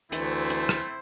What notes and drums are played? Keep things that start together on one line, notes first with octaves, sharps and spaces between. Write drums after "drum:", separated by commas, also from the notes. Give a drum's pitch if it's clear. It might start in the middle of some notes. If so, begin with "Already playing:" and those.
D2 E3 A3 C4 E4 C5, drum: hi-hat
drum: hi-hat
drum: rim click